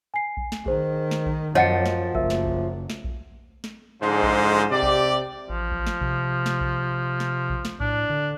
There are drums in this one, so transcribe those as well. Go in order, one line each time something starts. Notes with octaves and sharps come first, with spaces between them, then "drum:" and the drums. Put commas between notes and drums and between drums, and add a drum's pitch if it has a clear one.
G#5 C7
drum: kick A#1
drum: snare
D#3 G#4 C5, drum: kick A#1
drum: snare
drum: kick A#1
F#2 F3 C#5 D#5 F#5 A6 C#7
drum: snare
F#1 A#4 E5, drum: kick A#1
drum: snare
drum: kick A#1
drum: snare
drum: kick A#1
drum: snare
G#2 D3 F3 G#3 C5
drum: kick A#1
C3 G4 D5
drum: kick A#1
A1 F3
drum: kick A#1
drum: snare
C3, drum: kick A#1
drum: snare
drum: kick A#1
drum: snare
drum: kick A#1
drum: snare
A2 D4, drum: kick A#1
D3